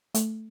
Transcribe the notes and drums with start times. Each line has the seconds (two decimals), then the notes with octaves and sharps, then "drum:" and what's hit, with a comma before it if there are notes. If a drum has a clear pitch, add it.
0.15 A3, drum: hi-hat